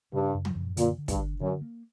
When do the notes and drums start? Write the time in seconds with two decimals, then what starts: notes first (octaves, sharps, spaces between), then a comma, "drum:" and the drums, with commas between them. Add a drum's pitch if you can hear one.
0.13 G2 C#3
0.34 F#2
0.45 drum: tom
0.56 F#2
0.77 A#2 D3, drum: hi-hat
0.98 D3
1.08 G2, drum: kick, hi-hat
1.19 D4
1.41 F#2 D3
1.62 A#3